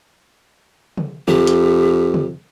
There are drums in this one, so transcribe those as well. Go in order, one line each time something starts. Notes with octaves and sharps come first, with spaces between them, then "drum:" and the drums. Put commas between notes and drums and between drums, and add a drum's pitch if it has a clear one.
drum: tom
F2 G4, drum: tom
drum: hi-hat
drum: tom